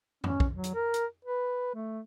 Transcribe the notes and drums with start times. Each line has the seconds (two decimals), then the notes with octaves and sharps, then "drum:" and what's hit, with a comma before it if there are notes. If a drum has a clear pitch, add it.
0.24 C#4, drum: tom F2
0.40 drum: kick
0.54 F#3
0.64 drum: hi-hat
0.74 A#4
0.94 drum: hi-hat
1.25 B4
1.74 A3